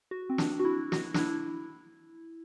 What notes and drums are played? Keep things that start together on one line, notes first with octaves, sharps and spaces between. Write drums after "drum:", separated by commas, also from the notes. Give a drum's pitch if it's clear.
F#4
C4
D4, drum: snare
F#4
E4
F#4, drum: snare
D4, drum: snare
E4